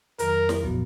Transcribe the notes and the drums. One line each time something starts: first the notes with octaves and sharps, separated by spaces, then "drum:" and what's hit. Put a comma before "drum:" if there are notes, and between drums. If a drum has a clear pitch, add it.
F2 D#3 F#3 A#4, drum: hi-hat
drum: snare
A#2 F3 B3 F#4, drum: kick